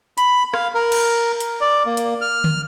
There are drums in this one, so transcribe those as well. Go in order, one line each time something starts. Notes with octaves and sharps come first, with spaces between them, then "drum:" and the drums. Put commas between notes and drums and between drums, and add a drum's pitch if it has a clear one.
B5, drum: hi-hat
F5, drum: rim click
A#4
drum: cymbal
drum: hi-hat
D5
A#3
drum: hi-hat
F6
drum: tom D3